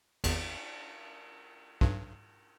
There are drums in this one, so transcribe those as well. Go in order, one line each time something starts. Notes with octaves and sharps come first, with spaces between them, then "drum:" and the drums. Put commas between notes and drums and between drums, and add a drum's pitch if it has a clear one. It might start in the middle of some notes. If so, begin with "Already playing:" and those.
G#1 E2, drum: cymbal
B1 G2, drum: kick